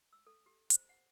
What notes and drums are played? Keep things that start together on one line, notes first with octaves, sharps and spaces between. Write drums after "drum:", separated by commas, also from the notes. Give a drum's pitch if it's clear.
E6
A4
G4
C5, drum: hi-hat
F#5